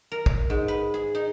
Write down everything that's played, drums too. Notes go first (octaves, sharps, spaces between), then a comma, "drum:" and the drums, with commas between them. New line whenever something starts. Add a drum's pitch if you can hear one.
A#4
drum: kick
G#2
B4
G#4
D#4